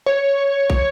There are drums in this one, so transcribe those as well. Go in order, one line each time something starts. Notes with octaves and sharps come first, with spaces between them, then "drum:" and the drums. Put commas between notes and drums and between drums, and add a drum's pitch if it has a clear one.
C#5
drum: kick